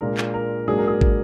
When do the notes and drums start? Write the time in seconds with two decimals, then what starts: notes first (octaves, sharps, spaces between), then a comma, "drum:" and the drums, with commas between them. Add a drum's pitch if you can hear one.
0.01 A#2 G#3 D4 F4 A#4
0.18 drum: clap
0.34 A#4
0.67 G#2 F#3 A#3 D4 G#4
0.78 A#4
0.88 G#4
1.01 drum: kick